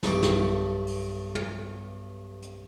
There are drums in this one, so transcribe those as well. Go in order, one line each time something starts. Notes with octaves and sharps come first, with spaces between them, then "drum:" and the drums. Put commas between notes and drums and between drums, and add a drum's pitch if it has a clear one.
B1 G2 A3 C#6 D6, drum: snare
drum: snare
drum: open hi-hat
drum: tom
drum: hi-hat